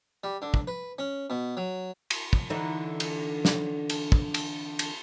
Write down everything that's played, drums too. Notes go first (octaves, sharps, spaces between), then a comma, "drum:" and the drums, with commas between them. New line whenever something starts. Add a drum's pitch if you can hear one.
G3
D3
drum: kick
B4
C#4
B2
F#3
drum: cymbal
drum: kick
D3 E3 D#4
drum: cymbal
drum: snare
drum: cymbal
drum: kick
drum: cymbal
drum: cymbal